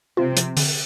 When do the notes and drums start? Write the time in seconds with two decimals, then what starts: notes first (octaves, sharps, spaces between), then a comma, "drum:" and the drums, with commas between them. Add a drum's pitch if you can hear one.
0.17 C3 C4 F4
0.37 F3, drum: hi-hat
0.57 D3, drum: open hi-hat